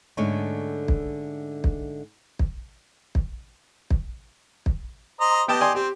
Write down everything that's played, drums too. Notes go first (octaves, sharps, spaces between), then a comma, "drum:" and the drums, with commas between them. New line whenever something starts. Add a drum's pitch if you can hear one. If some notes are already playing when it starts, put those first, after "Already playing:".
G#2 D3 A3 C#4 C#5 G#5
drum: kick
drum: kick
drum: kick
drum: kick
drum: kick
drum: kick
C5 D#5 A#5
B3 G4 D#5 G5 A5
D5 G#5 C6
C4 G4